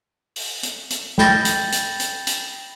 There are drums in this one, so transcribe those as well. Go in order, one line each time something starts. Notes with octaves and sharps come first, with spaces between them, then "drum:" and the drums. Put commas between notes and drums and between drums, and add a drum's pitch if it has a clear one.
drum: open hi-hat
drum: hi-hat
drum: hi-hat
G5 B5 G6 A6 A#6, drum: snare
drum: hi-hat
drum: hi-hat
drum: hi-hat
drum: hi-hat